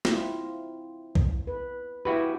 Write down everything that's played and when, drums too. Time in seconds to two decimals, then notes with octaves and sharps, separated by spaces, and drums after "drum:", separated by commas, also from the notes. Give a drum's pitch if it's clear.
0.05 C4 E4 F4, drum: snare
1.15 drum: kick B1
1.47 B4
2.05 E4 F#4 G4 B4